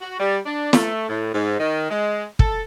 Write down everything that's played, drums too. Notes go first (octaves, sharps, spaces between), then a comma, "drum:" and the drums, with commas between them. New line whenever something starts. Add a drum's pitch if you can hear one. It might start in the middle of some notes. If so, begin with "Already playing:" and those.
F#4
G3
D4
A3, drum: snare
A2
G#2
D#3
G#3
A4, drum: kick